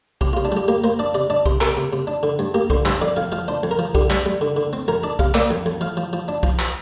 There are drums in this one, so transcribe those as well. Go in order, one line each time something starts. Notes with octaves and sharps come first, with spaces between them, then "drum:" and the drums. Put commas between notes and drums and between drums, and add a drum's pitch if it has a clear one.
C3 G4, drum: kick
C3 F4
D4
G3 G4
A#3 G4
A#3 C5
D4 D5
C3 D5
D4 D5
C3 C5, drum: kick
C3 A#4, drum: clap
C3
C3
D4
D3
G2
A#3 G4
D3 C5, drum: kick
G2 C5, drum: clap
F2 D5
F2 F5
F3 F5
D4 C5
F2
A#4
F3
D3 G4, drum: kick
G3, drum: clap
G3
D3
D3
C4
F2 A#4
D4 D5
C3 F5, drum: kick
A#3 D5, drum: clap
F2
F2
F3 F5
F3
F3
D4
F3, drum: kick
drum: clap